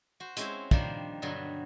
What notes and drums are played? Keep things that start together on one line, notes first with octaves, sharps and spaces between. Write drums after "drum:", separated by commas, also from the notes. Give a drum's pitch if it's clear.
F#4 C5
G#3 C4 C#4 E4 F#4 C5, drum: hi-hat
D#3 F3 G3 A#3 D4 C5, drum: kick
G2 B2 D3 F#3 G3